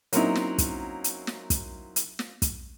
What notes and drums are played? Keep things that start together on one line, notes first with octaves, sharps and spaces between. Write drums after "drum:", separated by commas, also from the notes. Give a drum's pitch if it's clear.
F#3 A#3 C4 C#4 D#4 E4, drum: hi-hat
drum: snare
drum: kick, hi-hat
drum: hi-hat
drum: snare
drum: kick, hi-hat
drum: hi-hat
drum: snare
drum: kick, hi-hat